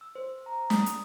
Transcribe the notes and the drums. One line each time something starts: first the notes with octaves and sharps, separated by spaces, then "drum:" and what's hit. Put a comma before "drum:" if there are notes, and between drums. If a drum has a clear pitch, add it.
E6
C5
A#5
D#6, drum: snare
drum: hi-hat